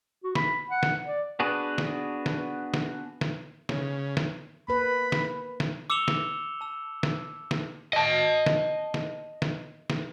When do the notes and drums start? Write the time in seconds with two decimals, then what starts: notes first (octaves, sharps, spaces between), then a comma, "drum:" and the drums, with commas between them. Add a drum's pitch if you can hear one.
0.24 F#4
0.35 B5, drum: snare
0.70 F#5
0.83 drum: snare
1.06 D5
1.39 B3 D4 F#4 G#4 B4
1.78 drum: snare
2.26 drum: snare
2.74 drum: snare
3.21 drum: snare
3.69 C#3, drum: snare
4.17 drum: snare
4.68 A#3 B4 B5
5.12 drum: snare
5.60 drum: snare
5.90 D6 E6 C#7 E7 F7 G7
6.08 drum: snare
6.61 A5 E6
7.03 drum: snare
7.51 drum: snare
7.93 D#5 A5
8.46 drum: snare
8.94 drum: snare
9.42 drum: snare
9.90 drum: snare